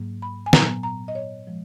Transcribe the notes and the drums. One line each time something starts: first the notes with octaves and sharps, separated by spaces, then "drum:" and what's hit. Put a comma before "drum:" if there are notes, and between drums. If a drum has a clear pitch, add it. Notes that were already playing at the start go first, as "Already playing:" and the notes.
Already playing: G#2 F#3 A#3
B5
G#5
A#2 F#3 B3 A#5, drum: snare
A#5
D#5
C#5
F3 G#3